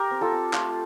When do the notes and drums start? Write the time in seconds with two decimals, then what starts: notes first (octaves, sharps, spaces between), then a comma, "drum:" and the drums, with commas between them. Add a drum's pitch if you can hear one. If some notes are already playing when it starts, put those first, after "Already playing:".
Already playing: G4 A#4
0.11 C4
0.21 F4 A4
0.32 C4
0.53 A3 F4, drum: clap